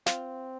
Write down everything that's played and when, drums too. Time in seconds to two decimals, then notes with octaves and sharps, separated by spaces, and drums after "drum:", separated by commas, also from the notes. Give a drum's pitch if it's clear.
0.06 C4 F4, drum: snare